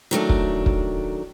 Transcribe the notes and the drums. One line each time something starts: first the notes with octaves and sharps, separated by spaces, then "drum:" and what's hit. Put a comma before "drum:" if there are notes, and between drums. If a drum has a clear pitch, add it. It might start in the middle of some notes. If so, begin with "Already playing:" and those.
D#3 F#3 A3 D4
drum: kick
drum: kick